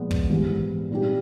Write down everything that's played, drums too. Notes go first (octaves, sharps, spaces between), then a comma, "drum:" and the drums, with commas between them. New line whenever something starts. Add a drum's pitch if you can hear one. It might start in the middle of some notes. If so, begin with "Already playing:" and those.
Already playing: A#2 F3 G#3 B3
drum: kick
G#2 E3 G3 B3 E4
A#2 G3 C4 D#4 G4